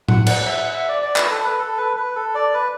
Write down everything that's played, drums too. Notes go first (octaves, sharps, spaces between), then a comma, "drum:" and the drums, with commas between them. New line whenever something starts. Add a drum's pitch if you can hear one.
F#5, drum: tom A2
F#5, drum: cymbal
E5
F#5
E5
D5
D5
B4, drum: clap
A4
B4
A4
B4
B4
A4
D5
B4